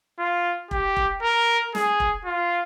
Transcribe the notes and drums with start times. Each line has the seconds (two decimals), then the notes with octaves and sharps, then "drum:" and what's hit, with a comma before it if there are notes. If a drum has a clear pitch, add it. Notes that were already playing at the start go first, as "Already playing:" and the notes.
0.19 F4
0.71 G4, drum: kick F1
0.97 drum: kick F1
1.23 A#4
1.75 G#4, drum: snare
2.00 drum: kick F1
2.25 F4